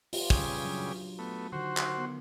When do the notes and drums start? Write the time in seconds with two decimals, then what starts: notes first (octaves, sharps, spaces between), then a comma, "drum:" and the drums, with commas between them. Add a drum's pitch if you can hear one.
0.13 F4 G4, drum: open hi-hat
0.30 C#3 G3 G#4, drum: kick
0.64 F#3 D4
1.19 A3 B3
1.52 D3 D#3 F#4 C5
1.77 drum: clap
1.97 B3